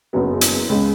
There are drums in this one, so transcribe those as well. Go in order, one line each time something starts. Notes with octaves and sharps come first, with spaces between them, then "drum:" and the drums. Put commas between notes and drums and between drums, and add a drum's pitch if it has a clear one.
F#1 F#2 C#3 F#3 B3
drum: hi-hat
C#2 C#3 G#3